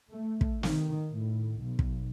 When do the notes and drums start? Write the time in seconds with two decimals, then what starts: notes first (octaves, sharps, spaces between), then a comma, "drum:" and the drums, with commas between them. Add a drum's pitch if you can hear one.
0.11 A3
0.41 drum: kick
0.63 D#3, drum: snare
1.10 A2
1.60 B1
1.79 drum: kick